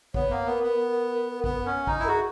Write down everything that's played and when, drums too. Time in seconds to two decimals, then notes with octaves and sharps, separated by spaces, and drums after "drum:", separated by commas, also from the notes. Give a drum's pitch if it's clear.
0.14 B3 C#5, drum: kick
0.31 A#3
0.46 B3 A#4
0.63 B3
1.44 B3, drum: kick
1.66 C#4
1.87 D#4, drum: kick
2.00 E4
2.04 A#4
2.08 F#4 G#4